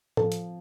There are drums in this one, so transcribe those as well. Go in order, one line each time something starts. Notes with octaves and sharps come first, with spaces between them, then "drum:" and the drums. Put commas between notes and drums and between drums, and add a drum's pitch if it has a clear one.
F3 A4, drum: tom A2
drum: hi-hat